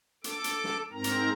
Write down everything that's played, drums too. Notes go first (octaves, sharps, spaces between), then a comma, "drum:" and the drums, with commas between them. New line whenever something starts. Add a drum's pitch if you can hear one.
A4 D6, drum: hi-hat
drum: hi-hat
drum: snare
G#2 C4 A#4 A#5
drum: hi-hat